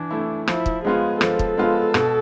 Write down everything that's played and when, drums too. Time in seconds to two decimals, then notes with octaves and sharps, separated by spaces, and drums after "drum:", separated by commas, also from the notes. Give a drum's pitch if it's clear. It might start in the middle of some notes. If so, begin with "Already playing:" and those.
Already playing: E3 D4
0.11 A3 E4
0.47 F3 E4, drum: rim click
0.66 drum: kick
0.84 G#3 B3 F4 G#4
1.21 F3 A4, drum: rim click
1.39 drum: kick
1.58 G#3 B3 F4
1.94 B2, drum: rim click